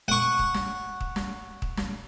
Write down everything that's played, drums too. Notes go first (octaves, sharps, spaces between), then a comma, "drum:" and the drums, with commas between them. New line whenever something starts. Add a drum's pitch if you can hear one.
F#5 C#6
drum: kick
drum: snare
drum: kick
drum: snare
drum: kick
drum: snare